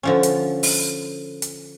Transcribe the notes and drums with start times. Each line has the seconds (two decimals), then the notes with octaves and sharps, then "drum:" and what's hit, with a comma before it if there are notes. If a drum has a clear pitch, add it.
0.03 D3 F3 C#4
0.23 drum: hi-hat
0.63 drum: open hi-hat
1.42 drum: hi-hat